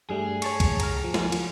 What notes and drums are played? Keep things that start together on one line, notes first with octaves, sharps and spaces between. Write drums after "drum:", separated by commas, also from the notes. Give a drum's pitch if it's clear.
G2 G3 A3 G#4
C#5 A5 C#6, drum: cymbal
drum: kick C#2, cymbal
A#5 F6, drum: cymbal
F3
drum: snare
drum: cymbal